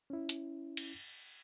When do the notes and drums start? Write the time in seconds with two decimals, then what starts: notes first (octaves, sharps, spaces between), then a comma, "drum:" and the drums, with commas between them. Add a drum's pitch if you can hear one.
0.10 C#4 E4
0.29 drum: hi-hat
0.77 drum: cymbal